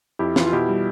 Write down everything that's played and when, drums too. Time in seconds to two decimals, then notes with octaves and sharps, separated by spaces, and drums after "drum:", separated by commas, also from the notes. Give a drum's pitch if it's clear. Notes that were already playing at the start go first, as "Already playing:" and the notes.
0.19 F2 E4 G4
0.36 E3 F4, drum: snare
0.47 F4
0.53 B2 E4 G4
0.69 G3